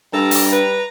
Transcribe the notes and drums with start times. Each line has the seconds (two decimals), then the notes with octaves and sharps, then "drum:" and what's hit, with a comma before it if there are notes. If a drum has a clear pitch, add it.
0.13 G2 G3 A4 A#5
0.31 drum: open hi-hat
0.52 B4